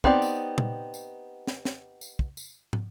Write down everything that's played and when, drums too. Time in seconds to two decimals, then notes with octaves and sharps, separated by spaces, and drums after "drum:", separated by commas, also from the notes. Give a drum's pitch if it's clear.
0.04 B3 C4 D#4 G4 D5, drum: kick
0.22 drum: tambourine
0.58 drum: tom A#2
0.94 drum: tambourine
1.47 drum: snare
1.65 drum: snare
2.01 drum: tambourine
2.19 drum: kick
2.37 drum: tambourine
2.73 drum: tom